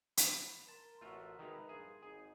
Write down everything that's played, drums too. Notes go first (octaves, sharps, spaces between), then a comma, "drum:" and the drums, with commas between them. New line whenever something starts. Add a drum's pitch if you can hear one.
B5, drum: hi-hat
A#4 A5 C6
A1 A3 F4 F#4 A4 E5
D#3 G#3 D#4 B4 A#5
A#1 G2 D#4 F4 G#4
G#1 G#2 D#4 G#4 F5